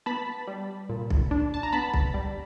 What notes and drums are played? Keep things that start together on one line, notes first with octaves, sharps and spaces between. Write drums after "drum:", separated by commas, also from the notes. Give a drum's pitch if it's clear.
B3 A5 B5
G3
A#2
drum: kick B1
D4
A5
A#5
B3 A5 B5
drum: kick B1
G3